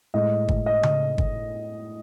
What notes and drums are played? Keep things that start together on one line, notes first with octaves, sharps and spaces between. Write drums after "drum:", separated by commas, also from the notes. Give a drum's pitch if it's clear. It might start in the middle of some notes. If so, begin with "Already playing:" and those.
A2 G#3 D#5
drum: kick G1
D#5
drum: tom C#3
drum: kick G1